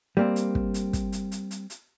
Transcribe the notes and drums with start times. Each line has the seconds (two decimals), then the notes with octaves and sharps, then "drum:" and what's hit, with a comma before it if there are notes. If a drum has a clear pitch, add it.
0.17 G3 A#3 C4
0.36 drum: hi-hat
0.55 drum: kick
0.74 drum: hi-hat
0.93 drum: kick, hi-hat
1.12 drum: hi-hat
1.32 drum: hi-hat
1.51 drum: hi-hat
1.70 drum: hi-hat